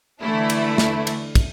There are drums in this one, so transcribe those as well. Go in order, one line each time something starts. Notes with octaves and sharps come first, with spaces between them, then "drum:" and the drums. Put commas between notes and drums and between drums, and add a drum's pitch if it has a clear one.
D3 E3 A3 D4 E4
drum: cymbal
drum: snare
drum: cymbal
drum: kick, cymbal